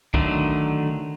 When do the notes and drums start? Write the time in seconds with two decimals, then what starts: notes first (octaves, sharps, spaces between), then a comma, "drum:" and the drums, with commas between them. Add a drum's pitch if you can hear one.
0.14 D3 D#3 F#3 A3, drum: kick